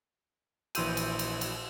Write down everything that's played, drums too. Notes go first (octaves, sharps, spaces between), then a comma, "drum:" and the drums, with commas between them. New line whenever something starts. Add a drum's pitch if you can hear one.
A#1 E3 C6 E6 G6 D#7, drum: cymbal
drum: cymbal
drum: cymbal
drum: cymbal